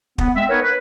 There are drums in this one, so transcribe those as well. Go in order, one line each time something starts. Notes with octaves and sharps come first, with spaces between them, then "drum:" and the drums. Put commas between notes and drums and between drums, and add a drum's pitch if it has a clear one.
B3, drum: kick
G#3 C4 E5
B3 D#4 A#4 B4 C#5
B4